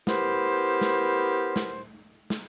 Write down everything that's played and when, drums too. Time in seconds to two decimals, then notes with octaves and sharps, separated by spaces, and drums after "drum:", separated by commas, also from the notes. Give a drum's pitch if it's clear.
0.07 B3 E4 G4 A#4 C5, drum: snare
0.81 drum: snare
1.56 drum: snare
2.30 drum: snare